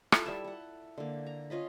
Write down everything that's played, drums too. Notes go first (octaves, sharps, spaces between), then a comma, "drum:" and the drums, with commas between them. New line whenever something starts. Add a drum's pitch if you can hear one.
E4 F4 A4, drum: rim click
G3 E5
A4 F#5
D3 A#3
A#5
C#4 F4 D#5 B5